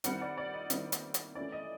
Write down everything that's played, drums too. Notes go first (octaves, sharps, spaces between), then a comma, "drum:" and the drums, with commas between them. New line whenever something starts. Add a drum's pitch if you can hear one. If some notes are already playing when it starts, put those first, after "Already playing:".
D#3 G3 C4 E4 F#5, drum: hi-hat
D5
D5
D#5
D#3 G3 C4 E4 D5, drum: hi-hat
drum: hi-hat
drum: hi-hat
E3 A3 C#4 E4 D5
D#5